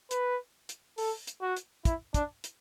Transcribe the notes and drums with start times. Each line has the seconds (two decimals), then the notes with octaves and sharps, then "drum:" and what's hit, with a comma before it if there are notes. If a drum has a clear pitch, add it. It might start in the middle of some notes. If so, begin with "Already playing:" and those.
0.11 B4, drum: hi-hat
0.69 drum: hi-hat
0.98 A4, drum: open hi-hat
1.27 drum: hi-hat
1.42 F#4
1.57 drum: hi-hat
1.85 E4, drum: kick, hi-hat
2.14 D4, drum: kick, hi-hat
2.44 drum: hi-hat